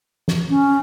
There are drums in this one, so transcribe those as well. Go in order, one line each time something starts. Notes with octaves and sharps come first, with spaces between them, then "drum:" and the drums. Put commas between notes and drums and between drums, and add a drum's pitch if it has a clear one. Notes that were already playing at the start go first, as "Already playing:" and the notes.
drum: snare
C#4